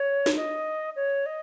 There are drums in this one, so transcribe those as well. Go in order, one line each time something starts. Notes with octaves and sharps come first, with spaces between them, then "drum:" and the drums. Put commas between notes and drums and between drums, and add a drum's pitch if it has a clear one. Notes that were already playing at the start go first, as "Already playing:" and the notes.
Already playing: C#5
drum: snare
D#5
C#5
D#5